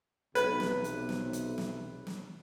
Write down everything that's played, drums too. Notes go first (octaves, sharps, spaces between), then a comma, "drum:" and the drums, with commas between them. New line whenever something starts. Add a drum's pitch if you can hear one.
B1 C3 B4, drum: hi-hat
drum: snare
drum: hi-hat
drum: snare
drum: hi-hat
drum: snare
drum: snare